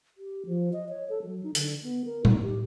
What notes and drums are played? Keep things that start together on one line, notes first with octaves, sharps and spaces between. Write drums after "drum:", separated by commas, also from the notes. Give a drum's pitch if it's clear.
G4
F3
D#5
C#5
A4
F#3
D#4
D3, drum: hi-hat
B3
A#4
D#4, drum: tom A2
G4